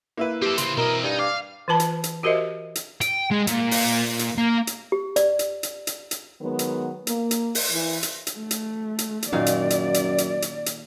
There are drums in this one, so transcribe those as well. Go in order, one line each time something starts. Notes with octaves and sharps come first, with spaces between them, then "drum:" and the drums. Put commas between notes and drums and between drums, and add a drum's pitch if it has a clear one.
A#3 E4 B4
C4 G4 A4
C#3 C4 C6, drum: hi-hat
B2 C4 A#4 D#5
G2 D#4
F5 D6
E3 F4 B4 A5 B5
drum: hi-hat
drum: hi-hat
F#4 G4 A#4 C5 D#5 E5
drum: hi-hat
G5, drum: hi-hat
G#3
A#2, drum: hi-hat
drum: open hi-hat
drum: hi-hat
A#3
drum: hi-hat
G4
D5, drum: hi-hat
drum: hi-hat
drum: hi-hat
drum: hi-hat
drum: hi-hat
D#3 F#3 G#3 B3
drum: hi-hat
A#3, drum: hi-hat
drum: hi-hat
drum: open hi-hat
E3
drum: hi-hat
drum: hi-hat
A3
drum: hi-hat
drum: hi-hat
drum: hi-hat
F#2 A#2 D#3 D5 F5
drum: hi-hat
drum: hi-hat
drum: hi-hat
drum: hi-hat
drum: hi-hat
drum: hi-hat